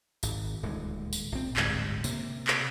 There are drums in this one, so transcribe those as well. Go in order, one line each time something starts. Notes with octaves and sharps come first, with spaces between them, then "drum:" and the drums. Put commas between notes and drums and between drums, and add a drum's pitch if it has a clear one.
G#1, drum: tambourine
D#1 D2 G#3
drum: tambourine
A#1 C4
D1 G1 G#2, drum: clap
C3 A#3, drum: tambourine
drum: clap